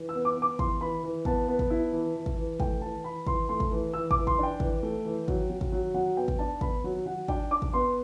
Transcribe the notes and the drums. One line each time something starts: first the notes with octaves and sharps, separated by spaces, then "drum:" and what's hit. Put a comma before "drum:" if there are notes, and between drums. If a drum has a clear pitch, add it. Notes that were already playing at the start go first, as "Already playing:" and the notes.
Already playing: E3
E6
B3
D6
B3
D6
E3 C6, drum: kick
E3 B5
E3
B3 A5, drum: kick
B3
drum: kick
E4
E3
E3
drum: kick
E3
A3 G5, drum: kick
E3 A5
E3 B5
E3 C6, drum: kick
A3 C6
drum: kick
E3
E3 E6
D6, drum: kick
E3
C6, drum: kick
D4 G5
E3, drum: kick
A3
E3
F#3, drum: kick
F#3
drum: kick
F#3
F#3 F#5
B3 G5
drum: kick
D4 A5
B3 B5, drum: kick
F#3
F#3 F#5
D4 G5, drum: kick
D4 D6
drum: kick
B3 C6